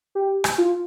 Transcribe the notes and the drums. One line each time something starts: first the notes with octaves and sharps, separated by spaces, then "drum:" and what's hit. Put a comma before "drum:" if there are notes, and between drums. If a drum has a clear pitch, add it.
G4
drum: rim click
F4